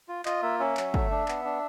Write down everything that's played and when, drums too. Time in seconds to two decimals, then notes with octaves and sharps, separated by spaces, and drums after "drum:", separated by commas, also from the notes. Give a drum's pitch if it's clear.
0.09 F4
0.25 F4 D#5, drum: clap
0.43 A#3 E5
0.59 C#4 E5
0.77 F#3, drum: clap
0.94 A3, drum: kick
1.11 D4
1.28 B3, drum: clap
1.44 D4